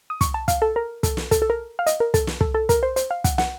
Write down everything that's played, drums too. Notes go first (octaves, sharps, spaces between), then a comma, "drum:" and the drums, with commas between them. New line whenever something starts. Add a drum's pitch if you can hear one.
D#6
C#6, drum: kick, hi-hat
A5
F5, drum: kick, hi-hat
A4
A#4
A4, drum: kick, hi-hat
drum: snare
A4, drum: kick, hi-hat
A4
A#4
F5
D#5, drum: hi-hat
A#4
A4, drum: kick, hi-hat
drum: snare
A4, drum: kick
A4
A#4, drum: kick, hi-hat
C5
C5, drum: hi-hat
F5
F#5, drum: kick, hi-hat
F#5, drum: snare